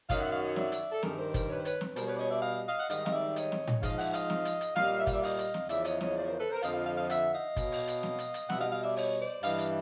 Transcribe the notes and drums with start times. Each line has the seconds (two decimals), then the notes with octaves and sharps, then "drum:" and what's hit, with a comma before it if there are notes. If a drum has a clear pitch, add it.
0.10 F#2 D#3 F#3 D#5 F5, drum: kick, hi-hat
0.21 E5 F#5
0.33 D#5 F5
0.45 C#5 D#5
0.56 D5 E5, drum: snare
0.72 drum: hi-hat
0.92 A4
1.03 G2 D#3 G3 G#4 A#4, drum: snare
1.19 A#4 C5
1.34 A#4 C5, drum: kick, hi-hat
1.50 B4 C#5
1.60 C5
1.65 B4 C#5, drum: hi-hat
1.81 drum: snare
1.96 B2 G3 A#4 C5, drum: hi-hat
2.08 B4 C#5
2.15 D5
2.20 C#5 D#5
2.31 D5 E5
2.42 D#5 F5
2.66 D#5 F5
2.80 F#5
2.90 G#2 D#3 G3 D#5 F5, drum: hi-hat
3.06 F5, drum: snare
3.13 D5 E5
3.36 C#5 D#5, drum: hi-hat
3.52 drum: snare
3.67 drum: tom A2
3.83 G#2 F3 D#5 F5, drum: kick, hi-hat
3.99 E5 F#5, drum: open hi-hat
4.14 D#5 F5, drum: hi-hat
4.30 drum: snare
4.45 drum: hi-hat
4.61 drum: hi-hat
4.76 A#2 G3 D#5 F5, drum: snare
4.99 E5
5.07 F5, drum: kick, hi-hat
5.14 D5 E5
5.23 D#5 F5, drum: open hi-hat
5.39 drum: hi-hat
5.54 drum: snare
5.69 E2 C#3 F3 D5 E5, drum: hi-hat
5.85 C#5 D#5, drum: hi-hat
6.01 C#5 D#5, drum: snare
6.16 C5 D5
6.24 C#5
6.28 A#4 C5
6.40 A4 B4
6.51 A#4 C5
6.63 F2 D3 F3 D#5 F5, drum: hi-hat
6.74 D#5 F5
6.86 D#5 F5
6.98 D#5 F5
7.10 E5 F#5, drum: hi-hat
7.33 D#5 F5
7.56 B2 F#3, drum: kick, hi-hat
7.72 drum: open hi-hat
7.87 drum: hi-hat
8.03 drum: snare
8.19 drum: hi-hat
8.34 drum: hi-hat
8.50 B2 G3 E5 F#5, drum: snare
8.61 D#5 F5
8.72 D#5 F5
8.84 D5 E5
8.97 C#5 D#5, drum: open hi-hat
9.19 C5 D5
9.43 G2 E3 G3 D#5 F5, drum: hi-hat
9.58 drum: hi-hat